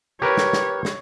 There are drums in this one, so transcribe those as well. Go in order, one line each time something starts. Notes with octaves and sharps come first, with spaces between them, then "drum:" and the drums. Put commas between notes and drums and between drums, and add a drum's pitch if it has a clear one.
G4 A#4 B4 C#5
drum: snare
drum: snare
drum: snare